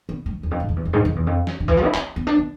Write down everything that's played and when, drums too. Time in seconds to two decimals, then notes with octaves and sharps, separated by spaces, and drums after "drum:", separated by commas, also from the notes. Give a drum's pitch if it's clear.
0.09 B3
0.26 A3
0.35 D3
0.43 E2
0.51 F2
0.60 G#2
0.69 F2
0.76 E2
0.85 F2
0.93 G#2
1.05 F2
1.16 E2
1.27 F2
1.47 drum: snare
1.60 D3
1.68 E3, drum: kick
1.77 F3
1.85 E4
1.94 C4, drum: clap
2.16 B3
2.27 D4
2.38 B3